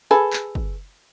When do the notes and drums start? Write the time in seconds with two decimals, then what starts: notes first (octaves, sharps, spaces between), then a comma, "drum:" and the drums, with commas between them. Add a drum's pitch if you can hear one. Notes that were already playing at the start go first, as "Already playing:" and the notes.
0.11 G#4 A4 B4
0.33 drum: clap
0.55 drum: kick